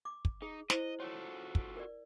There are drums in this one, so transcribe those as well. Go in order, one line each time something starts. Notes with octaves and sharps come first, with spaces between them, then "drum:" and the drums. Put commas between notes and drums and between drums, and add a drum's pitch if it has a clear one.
D6
drum: kick
D#4 G#4
E4 C5 D#5, drum: snare
F4 F#4 A4 C#5
drum: kick
A#4 D5